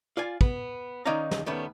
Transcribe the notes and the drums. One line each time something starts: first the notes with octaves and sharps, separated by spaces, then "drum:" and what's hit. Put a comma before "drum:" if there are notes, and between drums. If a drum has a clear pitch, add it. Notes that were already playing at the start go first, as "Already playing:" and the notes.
F4 D5 F5 G#5
B3, drum: kick
D#3 C#4 D#4 D5 F5 A#5
drum: snare
D#3 G3 A3 B3 C#4